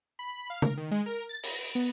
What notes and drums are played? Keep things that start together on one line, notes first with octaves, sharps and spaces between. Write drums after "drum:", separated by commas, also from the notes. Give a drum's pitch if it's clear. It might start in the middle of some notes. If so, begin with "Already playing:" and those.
B5
F5
A#4, drum: tom C#3
D#3
G#3
A#4
A6
A#6, drum: open hi-hat
D7
B3